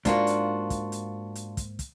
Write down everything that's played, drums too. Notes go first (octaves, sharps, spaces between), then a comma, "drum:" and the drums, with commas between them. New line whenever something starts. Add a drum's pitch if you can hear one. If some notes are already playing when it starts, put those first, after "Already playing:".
G#2 A#3 D4 F4 F#4, drum: kick, hi-hat
drum: hi-hat
drum: kick, hi-hat
drum: hi-hat
drum: hi-hat
drum: kick, hi-hat
drum: kick, hi-hat